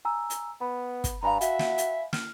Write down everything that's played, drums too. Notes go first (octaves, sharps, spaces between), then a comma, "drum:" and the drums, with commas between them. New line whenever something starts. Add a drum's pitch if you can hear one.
G#5 A#5 E6
drum: hi-hat
B3 B5
drum: kick, hi-hat
G2 F5 G#5 A#5 B5
F#4 E5, drum: hi-hat
drum: snare
drum: hi-hat
F6, drum: snare